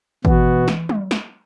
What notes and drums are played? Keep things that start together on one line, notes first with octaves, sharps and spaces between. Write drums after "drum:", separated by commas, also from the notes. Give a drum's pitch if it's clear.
B2 E3 B3 F#4, drum: kick
drum: snare
drum: tom
drum: snare